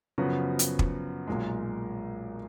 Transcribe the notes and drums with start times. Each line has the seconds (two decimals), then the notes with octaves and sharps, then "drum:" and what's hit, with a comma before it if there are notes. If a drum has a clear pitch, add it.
0.18 F#2 C#3 F3 B3 F#4
0.59 drum: hi-hat
0.79 drum: kick
1.27 B1 A#2 G#3